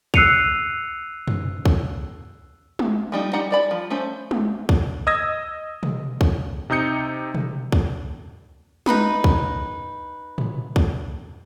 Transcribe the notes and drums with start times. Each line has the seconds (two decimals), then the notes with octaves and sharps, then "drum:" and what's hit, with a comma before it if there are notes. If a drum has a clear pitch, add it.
0.14 E6 F#6 C7 C#7 D#7 F7, drum: kick
1.28 drum: tom F#2
1.65 drum: kick
2.79 drum: tom G#3
3.12 F3 G3 D#4
3.33 G3 D#4 F#5 A#5
3.51 G3 D5 B5
3.71 F3
3.90 A3 C#4 C5
4.31 drum: tom G#3
4.69 drum: kick
5.07 D#5 D#6 E6 G#6 A#6
5.83 drum: tom B2
6.21 drum: kick
6.70 C3 D#4 D#6 G6 C#7
7.35 drum: tom B2
7.72 drum: kick
8.86 D#4 B4 B5 D#6, drum: tom G#3
9.24 drum: kick
10.38 drum: tom A2
10.76 drum: kick